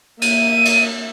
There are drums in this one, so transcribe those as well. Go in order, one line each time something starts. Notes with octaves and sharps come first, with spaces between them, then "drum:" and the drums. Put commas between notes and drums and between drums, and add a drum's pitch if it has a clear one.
A#3 E5 D#7, drum: cymbal
drum: cymbal